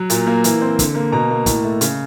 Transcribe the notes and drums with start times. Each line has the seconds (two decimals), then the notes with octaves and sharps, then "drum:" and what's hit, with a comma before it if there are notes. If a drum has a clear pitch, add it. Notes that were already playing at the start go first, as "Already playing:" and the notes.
Already playing: F#3
0.10 A#2, drum: hi-hat
0.27 A#3
0.44 E3, drum: hi-hat
0.61 C4
0.79 D3, drum: kick, hi-hat
0.95 A#3
1.12 B2 A#5
1.30 A#3
1.46 A2, drum: kick, hi-hat
1.64 A3
1.81 C#3, drum: hi-hat